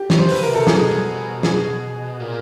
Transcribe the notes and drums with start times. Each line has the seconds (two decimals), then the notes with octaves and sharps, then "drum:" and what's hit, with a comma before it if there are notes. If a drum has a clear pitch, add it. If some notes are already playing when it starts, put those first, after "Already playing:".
Already playing: G4
0.10 E3, drum: snare
0.19 C5
0.29 D3 B4, drum: open hi-hat
0.43 A#4
0.48 C3
0.55 A4
0.67 B2 G#4, drum: snare
0.91 drum: tom G3
1.43 G#4, drum: snare
2.20 A#2